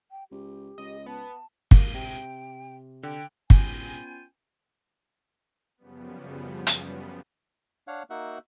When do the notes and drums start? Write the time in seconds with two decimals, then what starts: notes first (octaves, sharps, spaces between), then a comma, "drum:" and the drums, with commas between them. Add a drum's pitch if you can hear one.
0.11 G5
0.31 C#2 G4
0.78 C#2 D#5
1.06 B3 A5
1.71 A#3, drum: kick
1.94 C3 G5
3.03 D3 G5
3.50 B3 C#4 F4 G5 G#5, drum: kick
5.77 F#2 C#3 F3 G3 B3
6.67 drum: hi-hat
7.87 D4 C#5 F5 F#5
8.10 A#3 D#4 F#4 E5 F#5 F#6